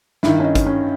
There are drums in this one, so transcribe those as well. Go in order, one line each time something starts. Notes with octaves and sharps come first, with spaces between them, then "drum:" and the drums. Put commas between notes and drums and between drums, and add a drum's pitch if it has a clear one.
G2 D#3 E4, drum: snare
C#4
D#4
drum: kick, hi-hat
C#4